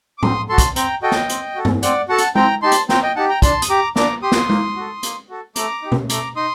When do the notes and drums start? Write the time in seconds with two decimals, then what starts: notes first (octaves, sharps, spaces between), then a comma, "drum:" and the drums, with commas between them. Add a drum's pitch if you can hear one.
0.18 D6
0.23 C4 C6 D#6, drum: tom A2
0.49 F#4 A4 A5 C6
0.58 drum: kick, hi-hat
0.76 C4 G5 A#5, drum: hi-hat
1.02 F#4 A4 D#5 G5
1.12 drum: snare
1.29 C4, drum: hi-hat
1.55 F#4 A4
1.65 drum: tom G2
1.83 C4 D5 F#5, drum: hi-hat
2.09 F#4 A4 F#5 A5
2.18 drum: hi-hat
2.35 C4 G5 A#5, drum: tom G#3
2.62 D#4 G4 A5 C6
2.72 drum: hi-hat
2.89 C4 G5 A#5, drum: snare
3.03 D#5 G5
3.16 D#4 G4 F#5 A5
3.29 G5 A#5
3.42 D4 A5 C6, drum: kick, hi-hat
3.62 D#6, drum: hi-hat
3.70 G4 A#5 D6
3.96 D4 A#5 D6, drum: snare
4.22 G4 C6 D#6
4.32 drum: snare
4.49 A#3, drum: tom G#3
4.76 F#4 A4
5.03 A#3, drum: hi-hat
5.29 F#4 A4
5.56 A3 A#5 D6, drum: hi-hat
5.82 D#4 G4
5.92 drum: tom B2
6.09 A3 A#5 D6, drum: hi-hat
6.36 D#4 C6 D#6